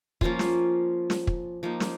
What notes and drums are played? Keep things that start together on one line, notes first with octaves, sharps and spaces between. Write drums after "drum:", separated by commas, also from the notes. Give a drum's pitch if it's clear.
F3 A#3 C#4 F4, drum: kick
drum: snare
drum: snare
drum: kick
F3 A#3 D#4
drum: snare